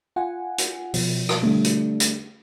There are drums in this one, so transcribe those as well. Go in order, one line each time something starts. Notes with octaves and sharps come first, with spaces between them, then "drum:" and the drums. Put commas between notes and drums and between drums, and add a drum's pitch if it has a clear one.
F4 F#5 G#5
drum: hi-hat
B2 F3, drum: open hi-hat
drum: rim click
D3 G3 A3
drum: hi-hat
drum: hi-hat